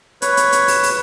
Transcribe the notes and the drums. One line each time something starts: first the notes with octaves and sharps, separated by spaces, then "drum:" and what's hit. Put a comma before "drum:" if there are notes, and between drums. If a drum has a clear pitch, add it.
B4 C#5, drum: hi-hat
drum: hi-hat
drum: hi-hat
drum: open hi-hat
drum: open hi-hat